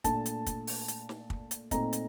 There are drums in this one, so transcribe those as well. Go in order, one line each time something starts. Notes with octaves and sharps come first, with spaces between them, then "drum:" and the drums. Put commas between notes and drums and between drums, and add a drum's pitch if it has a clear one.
A#2 A3 D4 A5, drum: kick, hi-hat
drum: hi-hat
drum: kick, hi-hat
drum: open hi-hat
drum: hi-hat
drum: snare
drum: kick
drum: hi-hat
A#2 A3 C4 D#4 A#5, drum: kick, hi-hat
drum: hi-hat